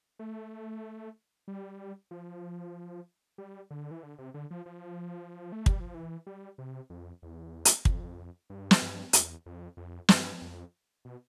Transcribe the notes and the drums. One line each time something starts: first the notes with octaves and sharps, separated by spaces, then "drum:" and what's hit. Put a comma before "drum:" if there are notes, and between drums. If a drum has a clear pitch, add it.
A3
G3
F3
G3
D3
E3
D3
C3
D3
F3
F3
A3
G3, drum: kick
F3
E3
G3
C3
F2
E2
drum: hi-hat
F2, drum: kick
G2
drum: snare
G2
E2, drum: hi-hat
F2
F2
G2, drum: snare
F2
B2